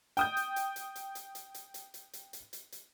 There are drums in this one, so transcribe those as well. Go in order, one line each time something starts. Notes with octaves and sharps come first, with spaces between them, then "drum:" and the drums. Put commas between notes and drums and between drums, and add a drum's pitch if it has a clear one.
G5 D#6 G6, drum: hi-hat
drum: hi-hat
drum: hi-hat
drum: hi-hat
drum: hi-hat
drum: hi-hat
drum: hi-hat
drum: hi-hat
drum: hi-hat
drum: hi-hat
drum: hi-hat
drum: hi-hat
drum: hi-hat
drum: hi-hat